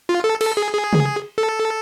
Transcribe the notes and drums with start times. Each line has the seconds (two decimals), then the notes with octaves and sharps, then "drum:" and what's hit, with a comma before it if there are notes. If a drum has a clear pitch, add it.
0.09 F4
0.24 A4
0.41 A4, drum: cymbal
0.57 G#4
0.73 G#4
0.93 drum: tom
1.38 A4